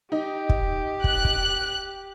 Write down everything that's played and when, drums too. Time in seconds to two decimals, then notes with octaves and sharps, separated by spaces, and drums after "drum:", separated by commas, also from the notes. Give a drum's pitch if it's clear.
0.12 D#4 G4
0.49 drum: kick
1.04 F#6, drum: kick
1.25 drum: kick